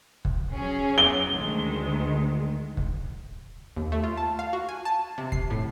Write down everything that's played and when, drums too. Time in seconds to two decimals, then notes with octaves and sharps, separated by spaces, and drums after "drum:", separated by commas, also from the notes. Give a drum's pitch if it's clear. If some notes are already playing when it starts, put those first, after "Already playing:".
0.25 drum: kick
0.53 F#3 C#4 G#4
0.98 G7
1.32 D2 D#3 G#3
2.77 drum: kick
3.76 D#2
3.92 A3
4.04 F4
4.17 A5
4.39 F5
4.53 F#4
4.69 G#5
4.85 A5
5.18 C3
5.32 C7, drum: kick
5.50 A2